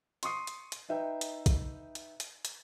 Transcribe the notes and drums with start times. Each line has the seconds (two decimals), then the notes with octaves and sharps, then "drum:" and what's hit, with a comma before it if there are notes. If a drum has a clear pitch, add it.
0.23 C6 C#6 D#6 C7, drum: hi-hat
0.47 drum: hi-hat
0.72 drum: hi-hat
0.89 D#4 B4 E5 G5
1.21 drum: hi-hat
1.46 drum: kick A#1, hi-hat
1.95 drum: hi-hat
2.20 drum: hi-hat
2.45 drum: hi-hat